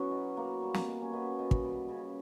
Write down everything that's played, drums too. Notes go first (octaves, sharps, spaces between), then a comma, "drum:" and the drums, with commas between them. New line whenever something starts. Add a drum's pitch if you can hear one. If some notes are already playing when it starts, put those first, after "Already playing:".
Already playing: F#3 B3 C#4 E4 F#4
B2
B2 A#3
G3
A#3, drum: snare
B2
C#4
B2 B3
B2
drum: kick
G3
C#3